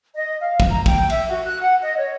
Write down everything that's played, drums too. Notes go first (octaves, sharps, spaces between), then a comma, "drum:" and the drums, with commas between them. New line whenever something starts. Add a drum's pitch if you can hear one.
D#5
F5
drum: kick, cymbal
A#5
G5, drum: kick, cymbal
E5, drum: cymbal
F#4
F#6
F#5
D#5
C#5